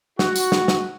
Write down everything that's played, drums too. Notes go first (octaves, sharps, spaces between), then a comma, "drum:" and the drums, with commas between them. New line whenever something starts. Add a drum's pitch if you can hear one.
F#4, drum: snare
drum: tambourine
drum: snare
drum: snare